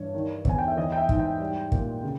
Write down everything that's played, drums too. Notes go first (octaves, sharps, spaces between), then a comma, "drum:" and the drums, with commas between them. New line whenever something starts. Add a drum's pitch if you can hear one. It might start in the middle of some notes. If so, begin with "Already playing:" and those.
Already playing: G2 E3 C#5
D#3
E2 G#5, drum: kick
G5
E5
E3 D#5
G5
E5
G#2, drum: kick
G5
G3
A#2, drum: kick
C#3